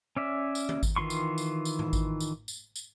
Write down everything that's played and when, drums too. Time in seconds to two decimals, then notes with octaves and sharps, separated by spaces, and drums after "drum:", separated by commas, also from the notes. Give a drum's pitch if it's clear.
0.17 C#4 D5 E5
0.55 drum: tambourine
0.69 drum: tom D#3
0.83 drum: kick G#1, tambourine
0.96 D#3 E3 F4 C6 C#6
1.10 drum: tambourine
1.38 drum: tambourine
1.65 drum: tambourine
1.79 drum: tom G#2
1.93 drum: kick G#1, tambourine
2.20 drum: tambourine
2.48 drum: tambourine
2.76 drum: tambourine